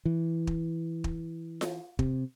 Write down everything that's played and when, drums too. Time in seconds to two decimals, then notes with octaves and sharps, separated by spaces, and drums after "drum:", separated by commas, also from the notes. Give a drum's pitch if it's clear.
0.05 E3
0.47 drum: kick
1.04 drum: kick
1.61 drum: snare F4
1.99 C3, drum: kick